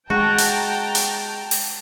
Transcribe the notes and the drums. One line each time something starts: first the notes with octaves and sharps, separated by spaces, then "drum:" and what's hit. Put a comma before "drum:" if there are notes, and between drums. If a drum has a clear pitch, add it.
G#3 F#4 G5 A5 A#5
drum: hi-hat
drum: hi-hat
drum: open hi-hat